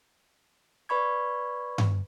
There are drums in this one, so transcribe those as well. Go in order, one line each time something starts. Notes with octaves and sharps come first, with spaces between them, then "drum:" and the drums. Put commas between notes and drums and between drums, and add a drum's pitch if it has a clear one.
B4 D5 B5 C#6 G#6
drum: tom G2